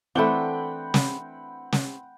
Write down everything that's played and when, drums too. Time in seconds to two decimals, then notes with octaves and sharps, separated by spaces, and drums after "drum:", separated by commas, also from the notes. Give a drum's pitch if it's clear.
0.15 E3 A3 C4 D4 F#5 G5 B5 G7
0.94 drum: snare
1.72 drum: snare